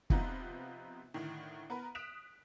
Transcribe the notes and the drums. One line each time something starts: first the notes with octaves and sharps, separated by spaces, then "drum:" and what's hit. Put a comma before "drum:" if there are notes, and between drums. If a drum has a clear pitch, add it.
C3 F3 B3 C4 D#4 F4, drum: kick
A2 D3 D#3
B3 A#4 B4
D#6 F#6 B6 D7 E7 F7